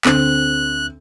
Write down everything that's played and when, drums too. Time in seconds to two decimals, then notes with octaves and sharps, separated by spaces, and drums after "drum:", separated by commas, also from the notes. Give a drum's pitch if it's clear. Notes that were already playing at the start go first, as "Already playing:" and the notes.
0.05 D2 C4 F#6, drum: clap